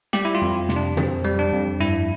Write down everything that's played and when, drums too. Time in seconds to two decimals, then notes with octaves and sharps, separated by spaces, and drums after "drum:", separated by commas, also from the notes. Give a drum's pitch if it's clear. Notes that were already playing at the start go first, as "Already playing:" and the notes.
0.13 G3 G4, drum: snare
0.25 E4
0.35 F4
0.42 F2
0.69 C3, drum: snare
0.76 D4
0.97 F2 C4, drum: tom
1.24 G3
1.39 D4
1.53 F2
1.80 G2 E4